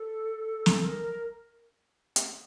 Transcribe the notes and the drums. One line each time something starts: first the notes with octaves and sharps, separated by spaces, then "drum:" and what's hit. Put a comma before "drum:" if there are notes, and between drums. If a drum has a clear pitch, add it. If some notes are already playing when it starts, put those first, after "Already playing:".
Already playing: A4
drum: snare
A#4
drum: hi-hat